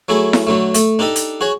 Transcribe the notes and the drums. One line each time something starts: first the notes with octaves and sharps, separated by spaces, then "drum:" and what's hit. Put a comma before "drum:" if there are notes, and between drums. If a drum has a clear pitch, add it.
F#3 A3 E4 G#4
drum: snare E4
D3 F#3 A3
A3, drum: hi-hat
D4 D#4 G4 A4 D#5
drum: hi-hat
F#4 G#4 C#5